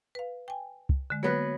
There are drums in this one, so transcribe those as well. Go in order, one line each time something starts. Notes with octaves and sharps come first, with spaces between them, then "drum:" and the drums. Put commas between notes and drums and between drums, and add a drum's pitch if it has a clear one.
B4 F5
G5 G#5
drum: kick
D3 G#3
F#3 A#3 B3 B4